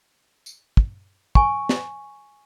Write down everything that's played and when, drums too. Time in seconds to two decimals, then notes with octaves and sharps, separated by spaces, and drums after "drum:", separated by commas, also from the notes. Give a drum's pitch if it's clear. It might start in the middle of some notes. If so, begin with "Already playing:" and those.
0.46 drum: tambourine
0.77 drum: kick
1.35 G#5 C#6, drum: kick
1.69 drum: snare